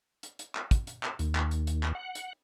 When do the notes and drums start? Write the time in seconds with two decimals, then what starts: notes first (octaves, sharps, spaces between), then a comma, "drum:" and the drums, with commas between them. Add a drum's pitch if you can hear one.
0.23 drum: hi-hat
0.39 drum: hi-hat
0.55 drum: clap
0.71 drum: kick, hi-hat
0.87 drum: hi-hat
1.03 drum: clap
1.19 D#2, drum: hi-hat
1.35 drum: clap
1.51 drum: hi-hat
1.67 drum: hi-hat
1.83 drum: clap
1.95 F#5
2.15 drum: hi-hat